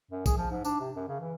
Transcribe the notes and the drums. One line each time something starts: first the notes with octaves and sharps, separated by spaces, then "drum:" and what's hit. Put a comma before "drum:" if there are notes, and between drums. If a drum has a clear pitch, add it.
F#2
G#4, drum: kick, tambourine
F3
G#2
D4, drum: tambourine
C3
F#2
C#3
E3